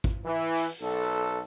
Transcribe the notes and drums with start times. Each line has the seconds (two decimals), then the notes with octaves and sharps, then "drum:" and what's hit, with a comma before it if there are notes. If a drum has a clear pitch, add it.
0.04 drum: kick
0.25 E3
0.55 drum: open hi-hat
0.82 B1 A4